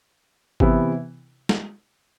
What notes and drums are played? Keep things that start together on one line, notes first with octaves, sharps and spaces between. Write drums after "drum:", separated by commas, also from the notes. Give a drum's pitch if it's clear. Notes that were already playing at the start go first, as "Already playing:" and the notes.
C3 E3 B3 E4, drum: kick G#1
drum: snare G#3